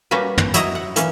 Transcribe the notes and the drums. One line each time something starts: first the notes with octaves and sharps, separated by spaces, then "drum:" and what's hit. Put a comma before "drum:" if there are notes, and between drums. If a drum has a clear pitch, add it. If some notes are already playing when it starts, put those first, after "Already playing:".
G3 A#3 C#4 F#4 B4
drum: tom
F#3 E4 F#4 D#5 A#5, drum: hi-hat
F#5
E3 A#3 C#4, drum: hi-hat